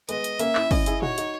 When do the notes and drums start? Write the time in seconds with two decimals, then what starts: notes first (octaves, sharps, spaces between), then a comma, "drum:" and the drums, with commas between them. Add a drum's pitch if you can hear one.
0.09 G#3 B3 D#5, drum: hi-hat
0.24 drum: hi-hat
0.39 A#3 C#4 E5, drum: hi-hat
0.55 C#4 E4, drum: clap
0.71 C#4 E4 D#5, drum: kick, open hi-hat
0.86 E4 G#4, drum: hi-hat
1.02 D#4 F#4 C#5, drum: tom A#2
1.18 D#4 F#4, drum: hi-hat